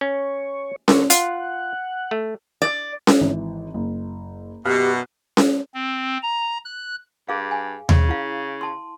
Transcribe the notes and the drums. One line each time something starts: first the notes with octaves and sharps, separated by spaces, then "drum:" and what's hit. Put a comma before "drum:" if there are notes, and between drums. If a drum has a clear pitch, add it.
C#4 C#5
D3 A4 A#4 C#6, drum: snare C#4
F4 F#5, drum: hi-hat
A3
D5
drum: snare C#4
G#1 E3
F#1
F#2 B2 G4 F6 F#6
drum: snare C#4
C4
A#5
F#6
G2 G#4 F5
G#5
C#3, drum: tom D#2
E4 F5
A5 C6